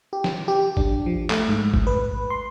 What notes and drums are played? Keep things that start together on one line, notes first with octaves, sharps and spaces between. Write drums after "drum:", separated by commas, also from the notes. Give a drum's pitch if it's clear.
G4
drum: snare
G4
D4, drum: kick A1
F3
A3, drum: clap
G#2
drum: kick A1
B4
C6